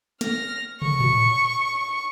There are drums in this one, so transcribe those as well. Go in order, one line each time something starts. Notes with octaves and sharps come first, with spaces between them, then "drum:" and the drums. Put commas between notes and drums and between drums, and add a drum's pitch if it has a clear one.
F6 A#6, drum: snare
C#6, drum: tom
drum: tom A2